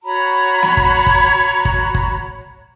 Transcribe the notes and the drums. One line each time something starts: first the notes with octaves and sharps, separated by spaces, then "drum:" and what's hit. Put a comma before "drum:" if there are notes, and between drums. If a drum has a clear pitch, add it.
F#4 C#5 A#5 B5
drum: snare
drum: kick
drum: kick
drum: kick
drum: kick